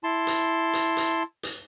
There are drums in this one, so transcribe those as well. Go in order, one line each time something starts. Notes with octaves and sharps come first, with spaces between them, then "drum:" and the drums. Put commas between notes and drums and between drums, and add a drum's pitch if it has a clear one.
E4 A5 C6
drum: hi-hat
drum: hi-hat
drum: hi-hat
drum: hi-hat